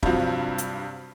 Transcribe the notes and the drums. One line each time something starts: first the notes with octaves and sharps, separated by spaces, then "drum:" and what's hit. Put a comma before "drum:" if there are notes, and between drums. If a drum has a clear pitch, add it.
G2 C3 F3 F#3, drum: kick
drum: hi-hat